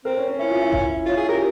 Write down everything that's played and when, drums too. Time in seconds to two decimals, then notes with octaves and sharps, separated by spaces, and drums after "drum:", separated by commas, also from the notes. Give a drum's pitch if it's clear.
0.05 C4 A#4
0.17 C#4
0.28 C#4
0.39 C#4 E4
0.50 F4
0.61 E4
0.73 E4, drum: kick G#1
1.05 C#4 F4
1.17 F4 G#4
1.29 G4 A#4